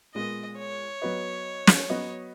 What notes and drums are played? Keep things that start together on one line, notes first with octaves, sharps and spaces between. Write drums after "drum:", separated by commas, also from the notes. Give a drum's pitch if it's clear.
A#2 G#3 B3 D#5
C#5
F#3 B3 F#4 B4 D#5
drum: snare
F#3 B3 F#4 B4 D#5